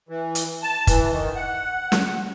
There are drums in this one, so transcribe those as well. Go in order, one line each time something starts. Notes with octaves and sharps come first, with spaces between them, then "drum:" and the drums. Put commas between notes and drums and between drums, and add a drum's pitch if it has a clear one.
E3
drum: hi-hat
A5
E3, drum: kick, hi-hat
D#3
F#5
drum: snare